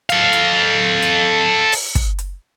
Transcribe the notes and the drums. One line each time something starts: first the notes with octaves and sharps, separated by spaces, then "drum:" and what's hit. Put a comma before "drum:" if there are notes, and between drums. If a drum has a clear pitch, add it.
A4 F5, drum: hi-hat
drum: hi-hat
drum: hi-hat
drum: open hi-hat
drum: kick, hi-hat
drum: hi-hat